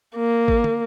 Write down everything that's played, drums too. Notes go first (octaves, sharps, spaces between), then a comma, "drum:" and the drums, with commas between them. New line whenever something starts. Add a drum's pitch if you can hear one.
A#3
drum: kick
drum: tom